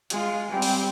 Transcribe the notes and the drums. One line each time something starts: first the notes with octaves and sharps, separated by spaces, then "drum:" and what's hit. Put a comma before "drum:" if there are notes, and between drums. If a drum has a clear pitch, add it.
G#3 F4, drum: hi-hat
G3 C4
drum: open hi-hat